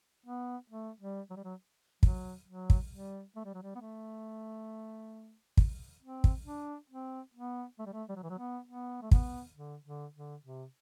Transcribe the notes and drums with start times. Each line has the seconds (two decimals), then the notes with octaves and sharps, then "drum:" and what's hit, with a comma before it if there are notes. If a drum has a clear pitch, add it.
0.26 B3
0.70 A3
1.01 G3
1.30 F#3
1.36 G3
1.44 F#3
2.03 F#3, drum: kick
2.48 F#3
2.70 drum: kick
2.92 G3
3.36 A3
3.45 G3
3.54 F#3
3.63 G3
3.75 B3
3.81 A3
5.57 drum: kick
6.02 C4
6.24 drum: kick
6.45 D4
6.90 C4
7.34 B3
7.79 A3
7.87 G3
7.93 A3
8.09 G3
8.16 F#3
8.23 E3
8.30 F#3
8.38 B3
8.68 B3
9.02 A3
9.11 B3, drum: kick
9.55 D3
9.85 D3
10.15 D3
10.44 C3